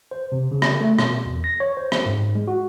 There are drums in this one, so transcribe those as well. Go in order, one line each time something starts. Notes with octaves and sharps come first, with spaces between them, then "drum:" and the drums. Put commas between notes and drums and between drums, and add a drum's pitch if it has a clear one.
C5
C3
C#3
drum: rim click
A3
B2, drum: rim click
E2
A#6
C#5
C5
drum: rim click
G#2
G#3
F#4